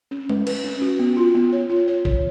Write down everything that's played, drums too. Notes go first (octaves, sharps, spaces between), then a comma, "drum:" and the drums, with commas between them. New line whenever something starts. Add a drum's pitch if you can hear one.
C#4
B4, drum: tom G#3
B4, drum: cymbal
C#4
F#4
B3
F4
B3
C#5
F4
C#5
C#5, drum: kick A1